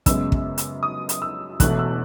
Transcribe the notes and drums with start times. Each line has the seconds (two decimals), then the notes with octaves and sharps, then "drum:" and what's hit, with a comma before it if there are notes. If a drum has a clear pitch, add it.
0.06 F#2 C#3 G#3 B3 E6, drum: kick, hi-hat
0.32 drum: kick
0.58 drum: hi-hat
0.83 D#6
1.09 drum: hi-hat
1.22 E6
1.60 E1 E2 B2 A3 F#6, drum: kick, hi-hat
1.79 E6